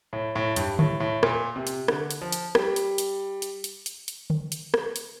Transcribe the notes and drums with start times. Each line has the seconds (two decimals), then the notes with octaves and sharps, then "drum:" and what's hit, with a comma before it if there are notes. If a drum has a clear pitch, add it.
0.13 A2
0.35 A2
0.56 G2, drum: hi-hat
0.79 A2, drum: tom D3
1.00 A2
1.23 A#2, drum: rim click
1.56 C3
1.67 drum: hi-hat
1.88 D3, drum: rim click
2.11 drum: hi-hat
2.21 F3
2.32 drum: hi-hat
2.55 G3, drum: rim click
2.76 drum: hi-hat
2.98 drum: hi-hat
3.42 drum: hi-hat
3.64 drum: hi-hat
3.86 drum: hi-hat
4.08 drum: hi-hat
4.30 drum: tom D3
4.52 drum: hi-hat
4.74 drum: rim click
4.96 drum: hi-hat